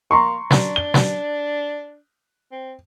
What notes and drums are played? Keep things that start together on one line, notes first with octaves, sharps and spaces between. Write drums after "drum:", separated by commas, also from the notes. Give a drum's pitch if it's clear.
A#3 A#5 C6 C#6
D4, drum: snare
G7
drum: snare
C4